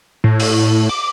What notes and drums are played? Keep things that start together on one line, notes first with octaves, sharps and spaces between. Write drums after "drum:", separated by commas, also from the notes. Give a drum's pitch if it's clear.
A2
drum: open hi-hat
D6